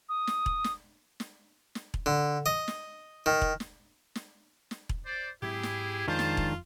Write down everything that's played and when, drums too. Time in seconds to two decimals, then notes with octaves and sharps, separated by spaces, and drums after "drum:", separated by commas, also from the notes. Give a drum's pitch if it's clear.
0.09 D#6
0.27 drum: snare
0.46 drum: kick E1
0.64 drum: snare
1.20 drum: snare
1.75 drum: snare
1.94 drum: kick E1
2.06 D3
2.46 D#5
2.68 drum: snare
3.26 D#3
3.42 drum: kick E1
3.60 drum: snare
4.15 drum: snare
4.71 drum: snare
4.89 drum: kick E1
5.05 C5 D5
5.42 G#2 F#3 C4 E4 G4 G#4
5.63 drum: snare
6.08 F2 D#3 G#3 D4 F4 C5 A5
6.19 drum: snare
6.37 drum: kick E1